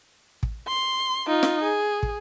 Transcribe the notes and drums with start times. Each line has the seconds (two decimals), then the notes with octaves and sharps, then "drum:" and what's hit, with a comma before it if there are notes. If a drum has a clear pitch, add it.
0.43 drum: kick
0.67 C6
1.28 D#4 F4
1.43 drum: snare
1.63 G#4
2.03 drum: kick